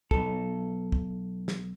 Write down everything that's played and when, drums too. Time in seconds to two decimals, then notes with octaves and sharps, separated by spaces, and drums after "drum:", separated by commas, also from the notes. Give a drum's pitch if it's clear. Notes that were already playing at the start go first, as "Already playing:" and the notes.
0.11 B1 A4, drum: kick
0.92 drum: kick
1.48 drum: snare